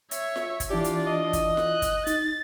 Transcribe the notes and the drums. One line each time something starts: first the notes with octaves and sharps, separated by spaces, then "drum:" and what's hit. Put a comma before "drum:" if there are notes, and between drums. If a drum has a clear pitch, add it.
C#5 E5, drum: hi-hat
drum: snare F4
drum: kick, hi-hat
E3 D4 E4 F4 G4 D5
drum: hi-hat
D#5
drum: kick, hi-hat
F#6, drum: snare F4
drum: kick, hi-hat
D#4 A6, drum: hi-hat